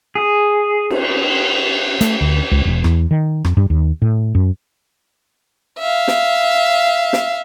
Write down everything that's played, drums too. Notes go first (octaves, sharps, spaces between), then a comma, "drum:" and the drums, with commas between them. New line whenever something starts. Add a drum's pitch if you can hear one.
G#4
drum: cymbal
A3, drum: hi-hat
D2
C#2
E1
E2, drum: rim click
D#3
F2, drum: rim click
G2
D#2
A2
F#2
E5 F5
drum: snare
drum: snare